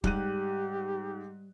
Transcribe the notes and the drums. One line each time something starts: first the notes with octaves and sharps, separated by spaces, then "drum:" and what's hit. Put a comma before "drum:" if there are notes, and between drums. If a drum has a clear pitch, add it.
G#2 G3 G4 F#6 D#7, drum: kick